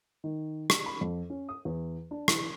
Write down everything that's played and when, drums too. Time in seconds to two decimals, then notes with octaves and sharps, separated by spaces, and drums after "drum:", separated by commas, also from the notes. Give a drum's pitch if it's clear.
0.24 D#3
0.70 drum: rim click
0.86 B5
1.01 F2
1.30 C#4
1.49 D#6
1.65 E2
2.11 D4
2.28 E3, drum: rim click